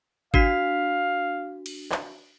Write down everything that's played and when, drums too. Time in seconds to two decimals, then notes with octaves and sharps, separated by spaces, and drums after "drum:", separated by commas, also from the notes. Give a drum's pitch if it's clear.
0.34 D4 F#4 F5 B6, drum: kick G#1
1.66 drum: cymbal
1.92 drum: clap